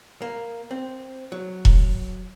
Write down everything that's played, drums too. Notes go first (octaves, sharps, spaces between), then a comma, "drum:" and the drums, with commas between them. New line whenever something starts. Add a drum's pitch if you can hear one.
A#3
C4
F#3
drum: kick E1